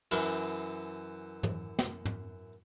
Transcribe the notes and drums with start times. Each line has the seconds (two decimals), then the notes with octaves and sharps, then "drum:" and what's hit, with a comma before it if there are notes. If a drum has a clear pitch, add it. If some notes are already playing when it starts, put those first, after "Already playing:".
0.11 F#2 E3, drum: cymbal
1.43 drum: tom
1.79 drum: snare
2.05 drum: tom